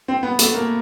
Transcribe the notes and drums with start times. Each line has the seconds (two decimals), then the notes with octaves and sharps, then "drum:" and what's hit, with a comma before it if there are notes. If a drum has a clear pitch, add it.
0.08 C4
0.23 B3
0.39 A3, drum: hi-hat
0.55 A#3